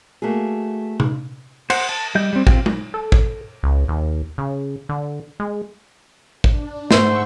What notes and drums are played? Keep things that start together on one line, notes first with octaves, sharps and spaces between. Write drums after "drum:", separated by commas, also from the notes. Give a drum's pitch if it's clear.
A3 A#3 F#4 G#4
drum: tom C3
C5 F#5, drum: cymbal
A5
G3 D#5 G6
G3 C4
C4 F4 G4, drum: kick
drum: tom G#3
A4
drum: kick
C#2
D#2
C#3
D3
G#3
D4, drum: kick
G#2 A3 C5 F#5 C#6 E6, drum: snare